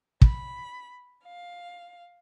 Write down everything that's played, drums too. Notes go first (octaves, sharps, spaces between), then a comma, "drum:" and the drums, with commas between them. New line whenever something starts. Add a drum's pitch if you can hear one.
B5, drum: kick
F5